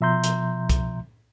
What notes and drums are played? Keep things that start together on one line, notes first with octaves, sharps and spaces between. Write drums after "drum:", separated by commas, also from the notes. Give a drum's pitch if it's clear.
B2 F3 E5 A#5 C6 G6
drum: hi-hat
drum: kick C2, hi-hat